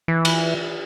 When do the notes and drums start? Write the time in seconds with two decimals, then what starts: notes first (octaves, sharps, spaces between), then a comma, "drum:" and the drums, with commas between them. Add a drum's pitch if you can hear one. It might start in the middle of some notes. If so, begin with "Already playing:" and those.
0.08 E3
0.25 drum: cymbal